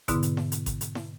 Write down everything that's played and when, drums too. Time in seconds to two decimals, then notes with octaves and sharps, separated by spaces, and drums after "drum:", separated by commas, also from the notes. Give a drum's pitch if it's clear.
0.08 G#2 B2 D3 B3 E4, drum: kick G#1, hi-hat
0.23 drum: hi-hat
0.37 drum: snare E4
0.52 drum: hi-hat
0.66 drum: kick G#1, hi-hat
0.81 drum: hi-hat
0.95 drum: snare E4